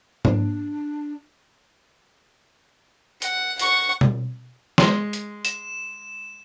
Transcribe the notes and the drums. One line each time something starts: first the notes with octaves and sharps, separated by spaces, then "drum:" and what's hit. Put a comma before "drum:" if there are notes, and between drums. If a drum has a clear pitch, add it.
D4, drum: tom G#2
F#5, drum: hi-hat
F#5 C#6, drum: hi-hat
drum: tom B2
G#3 C6, drum: snare
drum: hi-hat
E7, drum: hi-hat